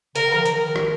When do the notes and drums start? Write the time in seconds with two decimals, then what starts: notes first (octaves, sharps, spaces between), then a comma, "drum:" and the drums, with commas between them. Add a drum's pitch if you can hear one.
0.16 C#3 A#4, drum: hi-hat
0.25 D#3
0.36 F3
0.45 D#3, drum: hi-hat
0.76 drum: rim click